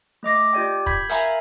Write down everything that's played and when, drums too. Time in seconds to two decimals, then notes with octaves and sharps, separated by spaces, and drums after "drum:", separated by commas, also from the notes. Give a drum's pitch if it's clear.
0.23 A3 D#5 D6 A#6
0.53 F4 G4 D5 G5
0.86 B5 G6 G#6 B6, drum: kick
1.09 A#4 E5 F5 G#5 A#5 B5, drum: hi-hat